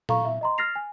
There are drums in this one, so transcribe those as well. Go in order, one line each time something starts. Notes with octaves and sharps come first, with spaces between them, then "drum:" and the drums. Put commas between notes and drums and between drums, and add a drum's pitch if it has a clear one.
A4 F5 A#5 C#6, drum: tom A#2
E5
D#5 A#5 C6
F6 A6 A#6 C7 F7
G#5